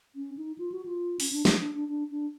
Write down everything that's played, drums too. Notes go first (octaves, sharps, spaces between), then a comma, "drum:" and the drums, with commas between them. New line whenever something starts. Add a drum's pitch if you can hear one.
C#4
D#4
F4
F#4
F4
C#4, drum: open hi-hat
D4
D#4, drum: snare
D4
D4
D4
D4